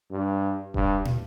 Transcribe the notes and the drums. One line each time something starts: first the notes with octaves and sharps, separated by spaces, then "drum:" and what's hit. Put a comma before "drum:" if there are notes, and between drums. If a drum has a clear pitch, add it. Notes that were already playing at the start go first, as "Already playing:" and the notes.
G2
G2, drum: kick D#1
drum: tom